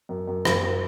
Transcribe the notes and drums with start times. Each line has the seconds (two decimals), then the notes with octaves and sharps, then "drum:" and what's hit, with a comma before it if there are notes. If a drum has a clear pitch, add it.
0.09 F#2
0.27 F#2
0.45 F#1, drum: rim click
0.62 F#2